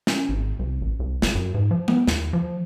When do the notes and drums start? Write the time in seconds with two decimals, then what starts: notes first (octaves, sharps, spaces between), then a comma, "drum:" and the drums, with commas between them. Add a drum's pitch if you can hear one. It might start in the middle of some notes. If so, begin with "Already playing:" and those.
0.07 C#4, drum: snare
0.29 G#1
0.59 C2
0.81 A1
1.00 C2
1.22 F#1, drum: snare
1.35 F#2
1.54 G#2
1.71 F3
1.88 B3, drum: tom G#3
2.07 D#2, drum: snare
2.33 F3